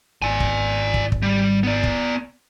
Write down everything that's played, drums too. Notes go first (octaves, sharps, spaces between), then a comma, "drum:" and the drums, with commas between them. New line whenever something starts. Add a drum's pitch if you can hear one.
G#1 D5 G#5
drum: kick
drum: kick
drum: kick
G3
B3 D5
drum: kick